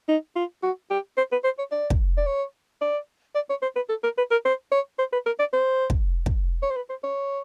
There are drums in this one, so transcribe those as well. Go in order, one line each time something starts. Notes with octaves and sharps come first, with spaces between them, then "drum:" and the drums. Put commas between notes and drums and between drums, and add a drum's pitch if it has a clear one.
D#4
F4
F#4
G4
C5
B4
C5
C#5
D5
drum: kick
D5
C#5
D5
D5
C#5
C5
B4
A4
A#4
B4
A#4
C5
C#5
C5
B4
A#4
D5
C5
drum: kick
drum: kick
C#5
C5
B4
C5
C#5